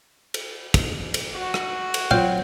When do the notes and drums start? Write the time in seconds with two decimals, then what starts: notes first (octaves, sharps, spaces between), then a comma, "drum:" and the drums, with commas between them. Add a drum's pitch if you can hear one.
0.34 drum: cymbal
0.74 drum: kick, cymbal
1.14 drum: cymbal
1.34 F#4
1.54 drum: rim click
1.94 drum: cymbal
2.11 F#3 C4 F4 F5 G5